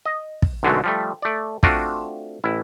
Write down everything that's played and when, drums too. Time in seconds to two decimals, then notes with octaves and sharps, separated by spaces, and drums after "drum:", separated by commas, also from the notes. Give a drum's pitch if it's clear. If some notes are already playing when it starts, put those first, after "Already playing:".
0.05 D#5
0.42 drum: kick
0.63 B1 F#2 D3 F#3 G#3 A3
0.84 F3 G3 A3
1.22 A3 D5
1.63 A3 C4 D4 F4 F#4, drum: kick
2.44 A1 E4